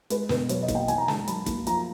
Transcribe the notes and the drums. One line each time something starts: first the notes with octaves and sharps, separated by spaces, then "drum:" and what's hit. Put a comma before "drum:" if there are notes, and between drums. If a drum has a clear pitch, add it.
G#3 B4, drum: hi-hat
B2 B4, drum: snare
F#3 C#5, drum: hi-hat
D#5
A#3, drum: kick, hi-hat
G5
E3 G#5, drum: hi-hat
A#5
G#3 A5, drum: snare
F#3 B5, drum: hi-hat
A#3, drum: kick, hi-hat
F3 A#5, drum: hi-hat